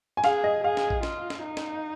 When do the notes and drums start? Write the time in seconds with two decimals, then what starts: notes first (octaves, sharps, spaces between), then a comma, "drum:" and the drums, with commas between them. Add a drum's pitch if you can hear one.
0.17 G#5
0.24 G#4 F5, drum: snare
0.44 D#5
0.64 G#4 F5
0.77 drum: snare
0.90 drum: kick A#1
1.03 F4, drum: snare
1.30 drum: snare
1.43 D#4
1.57 drum: snare